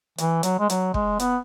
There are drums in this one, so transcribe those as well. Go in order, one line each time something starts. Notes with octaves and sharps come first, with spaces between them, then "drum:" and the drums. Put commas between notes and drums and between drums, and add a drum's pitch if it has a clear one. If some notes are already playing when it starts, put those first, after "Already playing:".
E3, drum: hi-hat
F#3, drum: hi-hat
G#3
F#3, drum: hi-hat
G#3, drum: kick
B3, drum: hi-hat